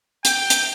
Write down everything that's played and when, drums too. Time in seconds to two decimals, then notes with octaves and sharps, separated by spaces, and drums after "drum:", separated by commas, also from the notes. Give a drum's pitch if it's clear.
0.25 G5, drum: hi-hat
0.50 drum: hi-hat